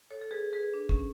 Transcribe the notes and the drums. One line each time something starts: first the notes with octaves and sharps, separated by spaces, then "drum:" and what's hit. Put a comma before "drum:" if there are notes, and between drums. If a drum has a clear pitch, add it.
A4 C#5
A4
G#4 B4
G#4 B4
D4
C#4, drum: kick